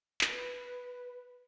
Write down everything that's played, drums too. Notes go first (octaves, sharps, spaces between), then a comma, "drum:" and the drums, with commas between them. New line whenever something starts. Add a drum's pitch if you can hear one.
B4, drum: clap